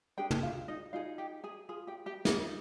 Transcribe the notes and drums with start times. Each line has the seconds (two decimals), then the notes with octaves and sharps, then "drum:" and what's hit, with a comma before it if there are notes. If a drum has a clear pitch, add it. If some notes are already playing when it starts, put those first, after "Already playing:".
0.18 D4 G4 G#4 G5
0.31 drum: tom
0.43 F4 F5
0.68 D#4 D#5
0.93 D#4 F4 G#4 F5
1.18 G4 G5
1.44 G#4 G#5
1.69 F4 G#4 G#5
1.87 G4 G5
2.06 G4 G5
2.25 G#4 G#5, drum: snare
2.44 D#4